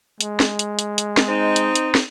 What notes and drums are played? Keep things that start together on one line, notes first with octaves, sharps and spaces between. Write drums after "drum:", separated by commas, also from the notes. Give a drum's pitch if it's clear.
G#3, drum: hi-hat
drum: snare
drum: hi-hat
drum: hi-hat
drum: hi-hat
drum: snare
C4 D#4
drum: hi-hat
drum: hi-hat
drum: snare